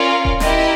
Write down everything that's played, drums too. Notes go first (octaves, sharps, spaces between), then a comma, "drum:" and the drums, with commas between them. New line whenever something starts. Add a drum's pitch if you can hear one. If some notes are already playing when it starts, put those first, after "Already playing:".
Already playing: C#4 F4 A#4 D5 F5
drum: kick D#1
E4 G4 A#4 D#5, drum: snare